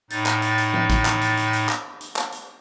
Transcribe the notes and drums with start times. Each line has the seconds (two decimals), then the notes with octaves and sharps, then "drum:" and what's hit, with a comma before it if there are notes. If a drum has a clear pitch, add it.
0.10 A2 D#4 A6, drum: hi-hat
0.26 drum: clap
0.42 drum: hi-hat
0.58 drum: hi-hat
0.74 drum: tom F3
0.90 drum: kick, hi-hat
1.05 drum: clap
1.21 drum: hi-hat
1.37 drum: hi-hat
1.53 drum: hi-hat
1.69 drum: clap
2.01 drum: hi-hat
2.16 drum: clap
2.32 drum: hi-hat